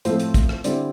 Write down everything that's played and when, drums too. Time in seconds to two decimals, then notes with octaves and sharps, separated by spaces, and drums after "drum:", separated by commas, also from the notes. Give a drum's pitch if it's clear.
0.05 A2 F3 A3 C4 C5, drum: hi-hat
0.19 drum: hi-hat
0.34 drum: kick, hi-hat
0.49 drum: rim click
0.64 D3 G3 C4 E4 D5, drum: hi-hat